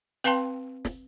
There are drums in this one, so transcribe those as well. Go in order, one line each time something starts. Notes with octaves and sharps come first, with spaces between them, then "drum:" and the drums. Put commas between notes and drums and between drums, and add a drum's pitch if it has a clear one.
C4 B4 F5 G5 A5 C6, drum: hi-hat
drum: snare